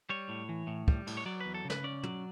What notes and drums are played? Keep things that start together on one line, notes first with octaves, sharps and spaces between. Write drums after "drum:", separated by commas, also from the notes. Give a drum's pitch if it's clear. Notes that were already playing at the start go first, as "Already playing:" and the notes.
G3 C#5
A2
E3
A2
G3, drum: kick
A2, drum: cymbal
C#5
F#3 D5
B4
E2
A4
C#3
B4, drum: snare
C#4 D5
F#3, drum: tom